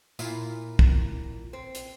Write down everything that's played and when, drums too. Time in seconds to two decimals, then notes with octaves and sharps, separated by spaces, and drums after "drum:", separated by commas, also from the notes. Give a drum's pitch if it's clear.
0.19 A#2 E4 F4, drum: tambourine
0.79 drum: kick
1.53 C4
1.75 drum: hi-hat